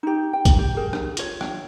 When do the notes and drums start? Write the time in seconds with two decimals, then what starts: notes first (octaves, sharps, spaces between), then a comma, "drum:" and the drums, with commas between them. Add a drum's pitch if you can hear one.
0.03 D#4 G4
0.33 G5
0.45 drum: kick, hi-hat
0.59 G4
0.77 G4 G#4 A#4
0.93 drum: rim click
1.17 F4 C#5, drum: hi-hat
1.41 drum: rim click